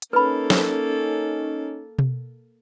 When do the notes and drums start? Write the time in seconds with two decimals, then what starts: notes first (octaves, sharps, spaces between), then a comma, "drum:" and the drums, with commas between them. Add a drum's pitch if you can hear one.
0.02 drum: hi-hat
0.13 A#3 C#4 D#4 A4 B4 B5
0.50 drum: snare
1.99 drum: tom B2